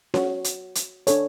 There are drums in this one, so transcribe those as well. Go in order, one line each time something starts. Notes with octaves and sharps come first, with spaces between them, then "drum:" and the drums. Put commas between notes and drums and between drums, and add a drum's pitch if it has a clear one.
F#4 C#5, drum: snare C#4
drum: hi-hat
drum: hi-hat
D4 A4 C#5, drum: hi-hat